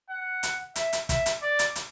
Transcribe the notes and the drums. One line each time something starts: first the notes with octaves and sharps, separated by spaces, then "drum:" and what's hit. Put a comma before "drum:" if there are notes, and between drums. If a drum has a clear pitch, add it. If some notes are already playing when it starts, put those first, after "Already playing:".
F#5
drum: hi-hat
E5, drum: hi-hat
drum: hi-hat
E5, drum: kick, hi-hat
drum: hi-hat
D5
drum: hi-hat
drum: hi-hat